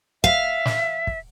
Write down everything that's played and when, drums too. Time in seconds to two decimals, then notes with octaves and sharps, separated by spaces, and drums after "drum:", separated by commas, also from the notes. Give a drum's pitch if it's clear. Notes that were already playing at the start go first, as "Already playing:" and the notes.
0.24 E5 F5, drum: kick
0.66 drum: snare
1.07 drum: kick